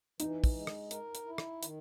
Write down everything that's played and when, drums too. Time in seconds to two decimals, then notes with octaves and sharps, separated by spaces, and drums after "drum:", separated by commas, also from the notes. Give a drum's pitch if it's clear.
0.20 E3 D#4, drum: hi-hat
0.44 drum: kick, open hi-hat
0.56 G#3
0.67 drum: rim click
0.91 A#4, drum: hi-hat
1.15 drum: hi-hat
1.26 E4
1.38 drum: rim click
1.63 D#3, drum: hi-hat